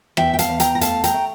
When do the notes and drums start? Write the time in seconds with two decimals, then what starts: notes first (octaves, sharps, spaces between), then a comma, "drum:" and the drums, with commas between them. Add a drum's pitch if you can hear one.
0.17 E2 E5 G5, drum: rim click
0.33 G5
0.39 F5 A5, drum: hi-hat
0.49 E2
0.60 G5 A#5, drum: hi-hat
0.75 A#5
0.81 A3 F5 A5, drum: hi-hat
1.04 G5 A#5, drum: hi-hat
1.14 A3